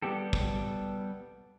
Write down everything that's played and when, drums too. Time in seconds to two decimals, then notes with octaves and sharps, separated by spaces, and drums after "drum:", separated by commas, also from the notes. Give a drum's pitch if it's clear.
0.02 G3 B3 G4 A4
0.33 drum: kick